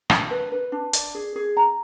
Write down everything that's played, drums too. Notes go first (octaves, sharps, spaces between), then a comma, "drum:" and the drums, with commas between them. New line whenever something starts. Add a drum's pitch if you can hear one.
D4, drum: rim click
B4
B4
D4
D5, drum: hi-hat
G#4
G#4
A#5